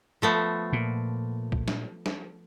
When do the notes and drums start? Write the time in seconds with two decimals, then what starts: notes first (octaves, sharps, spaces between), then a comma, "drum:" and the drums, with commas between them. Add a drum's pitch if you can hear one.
0.22 F3 A3 B3
0.73 A#2
1.52 drum: kick
1.68 drum: snare
2.06 drum: snare